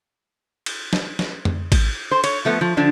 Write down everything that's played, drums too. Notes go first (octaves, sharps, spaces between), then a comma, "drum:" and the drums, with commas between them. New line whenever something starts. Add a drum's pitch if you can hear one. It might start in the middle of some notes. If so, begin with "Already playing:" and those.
drum: cymbal
drum: snare
drum: snare
drum: tom F2
drum: kick A1, cymbal
C5
C#5, drum: cymbal
F3 A3 B3
F3
D3 F3 D4